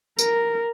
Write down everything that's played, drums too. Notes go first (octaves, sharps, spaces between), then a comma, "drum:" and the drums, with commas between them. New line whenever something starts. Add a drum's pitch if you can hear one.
A#4, drum: tambourine